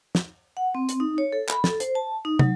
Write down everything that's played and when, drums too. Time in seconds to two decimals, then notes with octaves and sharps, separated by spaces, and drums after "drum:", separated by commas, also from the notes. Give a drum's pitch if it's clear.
0.15 drum: snare
0.57 F#5
0.75 C4
0.89 drum: hi-hat
1.00 D#4
1.18 C#5
1.33 A4
1.49 B5, drum: clap
1.64 A4, drum: snare
1.80 C5, drum: hi-hat
1.95 A5
2.25 D#4
2.39 F#3, drum: tom